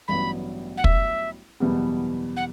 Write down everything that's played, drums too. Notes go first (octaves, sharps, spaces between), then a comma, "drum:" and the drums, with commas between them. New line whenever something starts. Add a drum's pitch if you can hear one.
A1 G2 F#3 B3 B5
F#5
E5, drum: kick
F#1 E2 B2 G3 B3
F#5